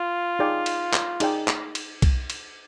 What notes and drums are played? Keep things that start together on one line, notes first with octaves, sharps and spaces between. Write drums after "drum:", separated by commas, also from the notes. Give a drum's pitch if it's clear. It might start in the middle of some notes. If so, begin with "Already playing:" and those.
Already playing: F4
D#4 G#4 D5 G5
drum: cymbal
drum: clap
D#4 G#4 D5 G5, drum: cymbal
drum: clap
drum: cymbal
drum: kick B1, cymbal
drum: cymbal